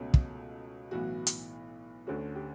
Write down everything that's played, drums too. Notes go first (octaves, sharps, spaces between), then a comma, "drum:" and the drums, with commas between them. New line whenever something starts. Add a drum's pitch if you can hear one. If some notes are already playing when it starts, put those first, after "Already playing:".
Already playing: C#2 B2 A3 C#4
drum: kick
B1 A2 E3 B3 F#4
drum: hi-hat
D2 D3 A3 C#4 F#4
G4